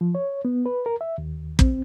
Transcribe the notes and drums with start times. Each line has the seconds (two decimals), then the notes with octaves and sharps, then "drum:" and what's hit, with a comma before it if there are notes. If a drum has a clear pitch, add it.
0.01 F3
0.15 C#5
0.45 B3
0.66 B4
0.86 A#4
1.01 E5
1.18 D#2
1.59 C4, drum: kick